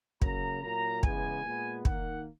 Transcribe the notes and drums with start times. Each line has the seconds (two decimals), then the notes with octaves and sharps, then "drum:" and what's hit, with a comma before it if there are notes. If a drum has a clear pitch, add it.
0.22 C#3 F#3 A#3 A#5, drum: kick
0.63 A#2 F#3 A#3 A#5
1.03 C#3 E3 G#3 B3 G#5, drum: kick
1.44 A#2 G#3 B3
1.85 D#3 A#3 F#5, drum: kick